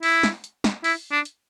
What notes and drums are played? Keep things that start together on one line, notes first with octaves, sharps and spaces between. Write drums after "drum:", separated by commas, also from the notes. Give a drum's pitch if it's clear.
E4, drum: open hi-hat
drum: snare
drum: hi-hat
drum: snare
E4, drum: open hi-hat
D4
drum: hi-hat